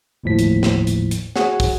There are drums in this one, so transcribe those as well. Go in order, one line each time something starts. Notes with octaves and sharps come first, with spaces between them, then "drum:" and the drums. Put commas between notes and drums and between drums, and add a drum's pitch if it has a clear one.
G1 D#2 A2 F3 B6
drum: hi-hat
drum: snare
drum: hi-hat
drum: hi-hat
F#4 G#4 C#5 F#5, drum: snare
drum: kick, open hi-hat